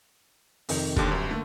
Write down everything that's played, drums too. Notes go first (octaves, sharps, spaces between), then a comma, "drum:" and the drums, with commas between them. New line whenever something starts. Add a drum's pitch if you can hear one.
F2 C3 D#3, drum: open hi-hat
D#2 D3 G4, drum: kick
G1 F#2
D3 A3 A#3